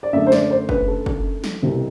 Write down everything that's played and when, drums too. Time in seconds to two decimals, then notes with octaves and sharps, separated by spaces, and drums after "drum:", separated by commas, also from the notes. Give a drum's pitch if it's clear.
0.03 D5
0.13 F#2 D3 A3 E5
0.27 C5
0.32 D5, drum: snare
0.51 C5
0.69 B4, drum: kick
0.88 A4
1.06 drum: kick
1.44 drum: snare
1.62 C2 B2 G3 C4